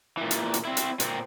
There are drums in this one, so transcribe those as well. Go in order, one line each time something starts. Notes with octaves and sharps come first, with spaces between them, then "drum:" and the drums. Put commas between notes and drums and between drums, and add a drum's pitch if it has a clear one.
A#2 E3
drum: hi-hat
drum: hi-hat
C4 E4
drum: hi-hat
A#2 C4, drum: hi-hat